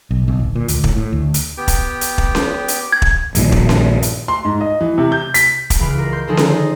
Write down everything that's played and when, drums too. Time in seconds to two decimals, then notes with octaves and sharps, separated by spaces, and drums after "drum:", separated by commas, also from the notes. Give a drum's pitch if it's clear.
0.11 B1
0.28 B1
0.39 D1
0.56 A#2
0.68 D2, drum: hi-hat
0.84 A2, drum: kick
0.97 A2
1.13 D2
1.34 drum: hi-hat
1.57 B3 G4 G5
1.68 drum: kick, hi-hat
2.01 drum: hi-hat
2.18 drum: kick
2.35 drum: snare C#4
2.68 drum: hi-hat
2.93 G#6
3.02 drum: kick
3.35 A#1 G2 A#2 D#3, drum: hi-hat
3.52 drum: kick
3.69 drum: snare C#4
4.02 drum: hi-hat
4.28 C6
4.45 G#2
4.61 D#5
4.81 E3
4.98 C3
5.12 G6
5.34 B6, drum: hi-hat
5.70 drum: kick, hi-hat
5.79 C#2 E3 F5 B5 D7
5.97 F4 A#4
6.12 C6 G6 D7
6.27 D3 D#3 F3 D#4 G#4 A4
6.37 drum: snare C#4
6.50 D#4 G#4 C5